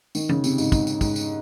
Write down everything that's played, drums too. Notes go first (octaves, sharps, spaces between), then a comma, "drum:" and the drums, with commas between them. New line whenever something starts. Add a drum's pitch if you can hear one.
D#3, drum: tambourine
C#3, drum: tom
C3, drum: tambourine
G#2, drum: tambourine
G#2, drum: kick, tambourine
drum: tambourine
G#2, drum: kick, tambourine
drum: tambourine